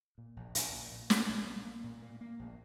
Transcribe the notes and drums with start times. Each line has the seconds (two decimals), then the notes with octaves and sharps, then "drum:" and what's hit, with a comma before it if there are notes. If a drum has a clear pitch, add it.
0.18 A#2
0.36 A#1
0.55 A#1, drum: hi-hat
0.73 A#2
0.91 A#2
1.10 C#4, drum: snare
1.29 A#1
1.47 A#3
1.65 A#3
1.84 A#2
2.02 A#3
2.21 A#3
2.39 A#1